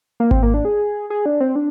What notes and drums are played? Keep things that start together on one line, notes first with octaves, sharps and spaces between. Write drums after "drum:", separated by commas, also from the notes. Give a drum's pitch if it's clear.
A#3
C4, drum: kick G#1
A#3
D4
G#4
G#4
D4
C4
D4